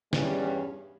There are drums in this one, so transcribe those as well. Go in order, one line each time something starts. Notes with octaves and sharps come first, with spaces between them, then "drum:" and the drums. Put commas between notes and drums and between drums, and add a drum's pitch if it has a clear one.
E2 G2 B2 E3 G3 C#4, drum: snare